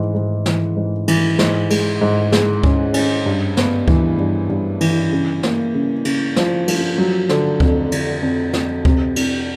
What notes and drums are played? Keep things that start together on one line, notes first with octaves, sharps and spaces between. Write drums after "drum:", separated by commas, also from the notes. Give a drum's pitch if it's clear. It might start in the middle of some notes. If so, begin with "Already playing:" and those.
Already playing: G#2 E3
G#2
E3, drum: snare
G#2
E3, drum: cymbal
G#2, drum: snare
G#3, drum: cymbal
G#2
G#3, drum: snare
C#4, drum: kick D2
C#4, drum: cymbal
G2
B3, drum: snare
E3, drum: kick D2
G2
G2
E3, drum: cymbal
C#3
A#3, drum: snare
C#3
C#3, drum: cymbal
F3, drum: snare
F3, drum: cymbal
F#3
D3, drum: snare
F2, drum: kick D2
D3, drum: cymbal
F2
F2, drum: snare
C3, drum: kick D2
C3, drum: cymbal